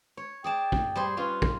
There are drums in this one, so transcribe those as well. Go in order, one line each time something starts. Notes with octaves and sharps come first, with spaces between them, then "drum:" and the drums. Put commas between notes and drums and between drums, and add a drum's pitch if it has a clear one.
C#5
G#4 D5 G5 A5
drum: kick
G3 G#4 C5
G3 C#4 F4 B4
drum: kick